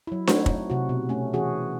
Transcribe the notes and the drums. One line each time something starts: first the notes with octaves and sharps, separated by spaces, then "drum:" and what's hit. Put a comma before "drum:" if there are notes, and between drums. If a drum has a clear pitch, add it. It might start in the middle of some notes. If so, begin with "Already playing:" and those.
F#3 E4
A3 C4 D#4 F#4 C5 C#5, drum: snare D4
drum: kick
C3 F#4
B2
A3 C#4
E3 C#4 F#4 G#4